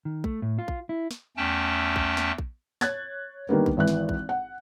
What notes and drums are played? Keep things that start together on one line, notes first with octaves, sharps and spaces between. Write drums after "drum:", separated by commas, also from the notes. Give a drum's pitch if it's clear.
D#3
A3, drum: kick A#1
A2
F4
drum: kick A#1
E4
drum: snare
E2 A3 C#4 G5 A5
drum: kick A#1
drum: snare
drum: kick A#1
C#5 F#6 G#6 A6, drum: snare
D3 D#3 G3 A#3 B3
drum: kick A#1
G#1 E3 F#6
drum: snare
drum: kick A#1
F#5